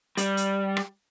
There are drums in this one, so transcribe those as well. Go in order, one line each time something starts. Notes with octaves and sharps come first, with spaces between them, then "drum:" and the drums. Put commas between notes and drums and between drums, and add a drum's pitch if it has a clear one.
G3, drum: hi-hat
drum: hi-hat
drum: rim click